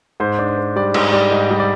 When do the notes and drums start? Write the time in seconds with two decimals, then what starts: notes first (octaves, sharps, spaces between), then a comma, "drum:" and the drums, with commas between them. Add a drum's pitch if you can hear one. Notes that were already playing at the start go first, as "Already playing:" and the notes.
0.20 G#2 C5
0.39 D4
0.48 C5
0.57 G#2
0.76 G3 D5
0.94 G#2 D#5, drum: cymbal
1.13 G3 D5
1.31 G#2 D#5
1.51 G3
1.60 D5